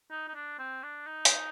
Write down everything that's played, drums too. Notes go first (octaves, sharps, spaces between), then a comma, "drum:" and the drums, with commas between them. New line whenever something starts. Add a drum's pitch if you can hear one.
D#4
D#4
D4
C4
D4
D#4
drum: hi-hat